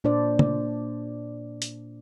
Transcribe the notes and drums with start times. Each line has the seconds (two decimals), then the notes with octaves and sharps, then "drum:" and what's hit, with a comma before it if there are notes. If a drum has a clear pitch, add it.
0.04 A#2 D4 C5 D5
0.39 drum: tom
1.62 drum: hi-hat